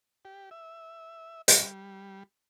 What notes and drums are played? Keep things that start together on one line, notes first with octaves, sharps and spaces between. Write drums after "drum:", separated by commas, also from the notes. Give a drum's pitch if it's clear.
G4
E5
G3, drum: hi-hat